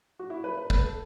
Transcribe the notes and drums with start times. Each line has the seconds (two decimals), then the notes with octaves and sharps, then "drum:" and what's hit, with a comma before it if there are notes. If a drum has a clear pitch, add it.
0.19 F#4
0.30 E4
0.44 B4
0.57 B4
0.70 B4, drum: kick
0.84 A4